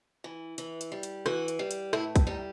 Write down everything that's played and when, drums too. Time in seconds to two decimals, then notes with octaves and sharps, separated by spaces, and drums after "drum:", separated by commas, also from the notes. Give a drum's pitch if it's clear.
0.24 E3
0.58 E3, drum: hi-hat
0.81 drum: hi-hat
0.92 G3
1.03 drum: hi-hat
1.26 E3 F#4, drum: rim click
1.48 drum: hi-hat
1.59 G3
1.71 drum: hi-hat
1.93 A2 E4, drum: rim click
2.16 drum: kick, hi-hat
2.27 G3 D#4